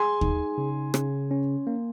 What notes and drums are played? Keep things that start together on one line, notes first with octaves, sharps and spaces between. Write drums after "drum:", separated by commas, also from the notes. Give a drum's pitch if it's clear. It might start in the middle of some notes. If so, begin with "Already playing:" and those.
Already playing: G#4 G#5 C6
D#4, drum: kick D#2
C#3
C#3, drum: rim click
C#4
A#3